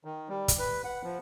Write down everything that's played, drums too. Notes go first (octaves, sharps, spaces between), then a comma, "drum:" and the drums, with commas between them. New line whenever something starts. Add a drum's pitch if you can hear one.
D#3
G3
drum: kick, hi-hat
B4
F#5
F3